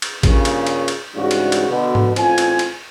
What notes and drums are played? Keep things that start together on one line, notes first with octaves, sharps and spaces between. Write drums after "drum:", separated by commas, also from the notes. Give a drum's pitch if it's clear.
drum: cymbal
G2 A#2 C#3, drum: kick A1, cymbal
drum: cymbal
drum: cymbal
drum: cymbal
G#2 C#3 E3 G3 D4 F#4
drum: cymbal
drum: cymbal
B2 D3
drum: tom G#2
A1 C4 F4 G#5, drum: cymbal
drum: cymbal
drum: cymbal